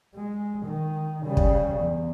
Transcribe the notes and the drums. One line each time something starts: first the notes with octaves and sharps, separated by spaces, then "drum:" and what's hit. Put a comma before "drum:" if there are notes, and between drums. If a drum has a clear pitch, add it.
G#3
D#3
C#3 G3
drum: kick
E2